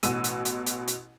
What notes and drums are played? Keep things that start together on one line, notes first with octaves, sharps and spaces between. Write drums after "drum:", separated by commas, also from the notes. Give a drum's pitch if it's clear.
A1 B2 E6 D#7, drum: hi-hat
drum: hi-hat
drum: hi-hat
drum: hi-hat
drum: hi-hat